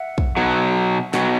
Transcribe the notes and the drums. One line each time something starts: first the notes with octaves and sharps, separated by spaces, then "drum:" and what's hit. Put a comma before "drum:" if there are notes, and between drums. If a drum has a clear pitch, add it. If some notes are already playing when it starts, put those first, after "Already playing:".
Already playing: E5 F#5
drum: kick A#1
B2 F#3
B2 F#3, drum: snare